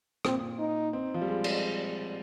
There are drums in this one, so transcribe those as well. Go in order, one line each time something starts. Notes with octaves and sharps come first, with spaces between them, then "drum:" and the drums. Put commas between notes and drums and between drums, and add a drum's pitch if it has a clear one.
A#2 C4, drum: rim click
D#4
C4
F3
G3
G#3
drum: cymbal